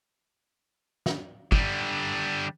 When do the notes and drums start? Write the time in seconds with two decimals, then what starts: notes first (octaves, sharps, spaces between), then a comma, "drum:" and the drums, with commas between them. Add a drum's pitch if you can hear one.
1.06 drum: snare
1.52 D3 G3, drum: kick